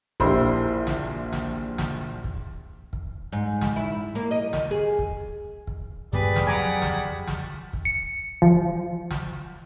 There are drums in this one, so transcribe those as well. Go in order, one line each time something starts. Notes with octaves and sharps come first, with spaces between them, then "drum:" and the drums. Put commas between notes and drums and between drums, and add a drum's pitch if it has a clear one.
A#1 A#2 E4 G4 C5 C6, drum: kick
drum: snare
drum: snare
drum: snare
drum: kick
drum: kick
G#2
drum: snare
E4
A#3
D#5
drum: snare
G#4
drum: kick
drum: kick
G2 D#3 B3 G4 G#4 B4 D5
drum: snare
F2 F#3 F#5 G#5 A#5 B5 D6
drum: snare
drum: snare
drum: kick
C#7
F3, drum: kick
drum: snare